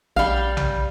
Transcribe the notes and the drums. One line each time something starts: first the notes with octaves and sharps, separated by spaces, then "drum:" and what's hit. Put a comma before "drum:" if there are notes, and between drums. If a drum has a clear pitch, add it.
A#1 G3 F5
drum: tom B1